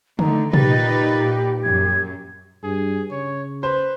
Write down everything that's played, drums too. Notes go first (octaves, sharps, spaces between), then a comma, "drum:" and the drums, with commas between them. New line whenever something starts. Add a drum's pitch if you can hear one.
D3 A3 D#4 A#5, drum: tom D3
A#2 D#4 G4 B4 A6, drum: tom C3
F#2 G#6
G2 G#4
C#3 C#5
B4 C5